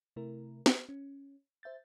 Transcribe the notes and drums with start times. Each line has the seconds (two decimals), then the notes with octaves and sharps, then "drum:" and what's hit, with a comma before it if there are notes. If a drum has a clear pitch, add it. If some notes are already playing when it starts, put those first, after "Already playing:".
0.16 C3 A3 E4 A#4
0.66 drum: snare
0.89 C#4
1.63 C5 E5 G6 A6